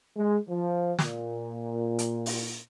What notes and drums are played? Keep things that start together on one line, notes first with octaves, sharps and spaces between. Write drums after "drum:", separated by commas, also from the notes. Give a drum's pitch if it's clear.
G#3
F3
A#2, drum: snare
drum: hi-hat
drum: open hi-hat